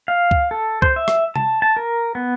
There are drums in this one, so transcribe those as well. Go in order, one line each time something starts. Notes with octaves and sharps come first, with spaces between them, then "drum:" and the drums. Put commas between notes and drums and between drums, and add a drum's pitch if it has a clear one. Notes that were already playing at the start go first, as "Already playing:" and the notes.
F5
drum: kick C#2
A4
C5, drum: kick C#2
E5
drum: rim click
A5, drum: tom C3
A5
A#4
B3